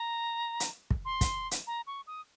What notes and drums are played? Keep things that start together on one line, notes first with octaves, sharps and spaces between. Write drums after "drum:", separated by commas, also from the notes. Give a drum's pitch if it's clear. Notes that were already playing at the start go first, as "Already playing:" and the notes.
Already playing: A#5
drum: hi-hat
drum: kick
C6
drum: kick, hi-hat
drum: hi-hat
A#5
C#6
D#6